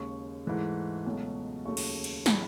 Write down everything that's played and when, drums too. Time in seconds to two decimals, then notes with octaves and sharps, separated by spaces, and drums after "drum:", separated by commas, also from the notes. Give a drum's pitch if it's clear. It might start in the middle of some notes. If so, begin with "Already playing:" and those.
Already playing: D#2 C#3 G#3 C#6
0.46 G#2 E3 A3
1.06 C#2 B2 F#3 A3
1.65 D#2 C#3 F#3 A3 C#6
1.77 drum: cymbal
2.04 drum: cymbal
2.26 A2 E3 G#3 B5, drum: snare